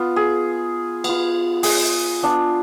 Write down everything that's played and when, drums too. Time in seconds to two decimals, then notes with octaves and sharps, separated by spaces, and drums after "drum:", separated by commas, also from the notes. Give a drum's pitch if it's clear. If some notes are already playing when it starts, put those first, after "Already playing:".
Already playing: B3 F4
0.16 G#4
1.04 B3 F4, drum: cymbal
1.63 G#4, drum: open hi-hat
2.23 B3 D4 F4